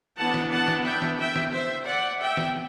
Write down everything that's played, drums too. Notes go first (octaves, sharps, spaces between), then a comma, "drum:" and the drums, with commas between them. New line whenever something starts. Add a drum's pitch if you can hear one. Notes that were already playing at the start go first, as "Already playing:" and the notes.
E3 B3 D4 F#5 A5
drum: snare
F#5 A5
drum: snare
E5 G5
drum: snare
E5 G5
drum: snare
C5 E5
D5 F#5
E5 G5
drum: snare